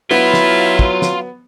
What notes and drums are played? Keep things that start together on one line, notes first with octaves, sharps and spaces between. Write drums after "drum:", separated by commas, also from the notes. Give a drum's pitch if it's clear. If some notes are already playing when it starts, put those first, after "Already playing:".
F#3 B3 E4 F4
drum: snare
drum: kick
drum: snare